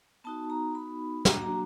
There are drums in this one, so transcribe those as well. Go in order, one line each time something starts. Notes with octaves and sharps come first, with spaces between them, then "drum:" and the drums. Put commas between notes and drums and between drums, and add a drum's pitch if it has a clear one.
B3 D#4 F#4 A5
A#5
B5
F#3 A#3 D4 F#4 A#5, drum: snare
A#5